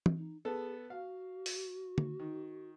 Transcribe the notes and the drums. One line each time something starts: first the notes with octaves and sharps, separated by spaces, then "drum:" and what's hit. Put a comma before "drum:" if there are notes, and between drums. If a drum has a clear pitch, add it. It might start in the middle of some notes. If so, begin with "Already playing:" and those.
drum: tom
D#4
B3 G#4 A4
F#4 F5
drum: open hi-hat
drum: tom D3
D#3